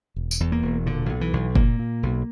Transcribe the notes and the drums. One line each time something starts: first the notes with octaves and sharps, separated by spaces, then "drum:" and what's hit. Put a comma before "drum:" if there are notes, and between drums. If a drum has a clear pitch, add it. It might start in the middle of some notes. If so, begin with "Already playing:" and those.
E1
drum: tambourine
E2
A#3
E1
A#2 D3
B1
E3
B1
A#2 A#3, drum: kick F#1
A#2
B1